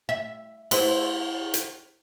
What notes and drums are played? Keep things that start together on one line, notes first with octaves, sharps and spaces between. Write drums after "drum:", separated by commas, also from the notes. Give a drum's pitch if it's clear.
E5
E4 B4 C5, drum: cymbal
drum: hi-hat